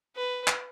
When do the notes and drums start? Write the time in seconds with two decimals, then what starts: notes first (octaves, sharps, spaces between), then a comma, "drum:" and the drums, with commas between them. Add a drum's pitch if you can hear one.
0.16 B4
0.48 drum: clap